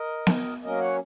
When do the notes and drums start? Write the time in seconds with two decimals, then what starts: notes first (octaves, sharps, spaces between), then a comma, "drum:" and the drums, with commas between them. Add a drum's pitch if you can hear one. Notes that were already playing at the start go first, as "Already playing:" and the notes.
Already playing: A#4 D#5
0.27 drum: snare B3
0.63 F#3 A#3 C#4 A#4 D#5
0.80 C#5 F#5